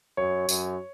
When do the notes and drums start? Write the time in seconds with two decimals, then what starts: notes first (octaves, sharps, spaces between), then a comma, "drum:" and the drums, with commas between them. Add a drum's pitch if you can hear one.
0.17 F#2 C#5
0.49 F#2, drum: tambourine